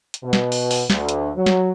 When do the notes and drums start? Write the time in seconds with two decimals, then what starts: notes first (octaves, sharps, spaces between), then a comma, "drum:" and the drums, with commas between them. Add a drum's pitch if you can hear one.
0.14 drum: hi-hat
0.24 B2
0.33 drum: snare
0.52 drum: open hi-hat
0.71 drum: open hi-hat
0.90 D2, drum: snare
1.09 drum: hi-hat
1.35 F#3
1.46 drum: snare